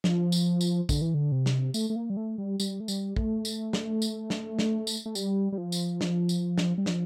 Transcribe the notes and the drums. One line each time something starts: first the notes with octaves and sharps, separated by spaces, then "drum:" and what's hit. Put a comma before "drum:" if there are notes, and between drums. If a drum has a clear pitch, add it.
F3, drum: snare
drum: tambourine
drum: tambourine
D3, drum: kick, tambourine
E3
D3
C3
drum: snare
A3, drum: tambourine
A3
A#3
G3
A3
G3
G3, drum: tambourine
A3
G3, drum: tambourine
A3, drum: kick
drum: tambourine
drum: snare
drum: tambourine
drum: snare
drum: snare
drum: tambourine
A3
G3, drum: tambourine
G3
F3
drum: tambourine
drum: snare
drum: tambourine
drum: snare
G3
F3, drum: snare